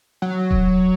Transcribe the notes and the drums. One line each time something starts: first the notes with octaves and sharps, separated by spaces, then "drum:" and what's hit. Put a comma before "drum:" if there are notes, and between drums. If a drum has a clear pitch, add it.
F#3
drum: kick D#1